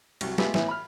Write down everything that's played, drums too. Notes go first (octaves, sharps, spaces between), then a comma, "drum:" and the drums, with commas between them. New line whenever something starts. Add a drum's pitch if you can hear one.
C2 F#3, drum: cymbal
G#3 A3 B3 F4 G4 E5, drum: snare
A2 E3 B3 E4, drum: snare
B5 F6